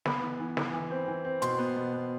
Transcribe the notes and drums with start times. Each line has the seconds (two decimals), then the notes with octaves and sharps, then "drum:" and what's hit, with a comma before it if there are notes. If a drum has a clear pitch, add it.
0.05 B3 B5, drum: snare
0.22 E3
0.40 E3
0.57 E3, drum: snare
0.73 E3
0.91 C4
1.08 E3
1.25 C4
1.42 B2 C6, drum: hi-hat
1.58 B3
1.76 B2
1.93 B3